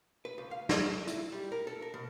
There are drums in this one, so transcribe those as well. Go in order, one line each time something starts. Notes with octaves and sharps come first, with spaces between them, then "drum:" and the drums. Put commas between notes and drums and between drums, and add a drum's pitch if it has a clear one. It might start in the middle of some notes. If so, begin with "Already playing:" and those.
B4
C#2
F5
D5, drum: snare
E4, drum: hi-hat
G3
A#4
A4
A#4
B2